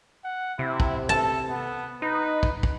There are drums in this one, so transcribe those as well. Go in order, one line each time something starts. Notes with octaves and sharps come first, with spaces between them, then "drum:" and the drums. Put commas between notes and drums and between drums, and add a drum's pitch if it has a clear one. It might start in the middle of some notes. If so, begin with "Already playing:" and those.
F#5
C3 E4
drum: kick
A4 A5
B3
D#4 B4
drum: kick
drum: kick